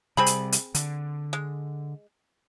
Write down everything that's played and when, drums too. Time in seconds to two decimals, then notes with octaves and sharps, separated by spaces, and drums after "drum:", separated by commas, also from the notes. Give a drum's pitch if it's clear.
0.17 C3 G3 C4 G#4 B5
0.26 drum: hi-hat
0.52 drum: hi-hat
0.75 D3, drum: hi-hat
1.33 G#3